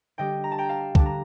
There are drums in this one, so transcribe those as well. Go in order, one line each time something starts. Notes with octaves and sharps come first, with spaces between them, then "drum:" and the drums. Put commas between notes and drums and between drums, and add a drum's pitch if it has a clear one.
D3 G3 D4 D#5 G5
A#5
A5
G5 A#5
F5 A5
D3 G3 D4 A5, drum: kick
A#5